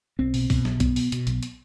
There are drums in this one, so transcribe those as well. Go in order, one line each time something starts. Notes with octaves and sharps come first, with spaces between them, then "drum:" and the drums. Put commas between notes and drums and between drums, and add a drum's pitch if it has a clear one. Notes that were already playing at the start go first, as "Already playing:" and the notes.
B1 C4
B2, drum: open hi-hat
B2, drum: kick B1, open hi-hat
B1, drum: snare
B1 B3, drum: kick B1, hi-hat
B2, drum: open hi-hat
B2, drum: hi-hat
B1, drum: hi-hat
drum: hi-hat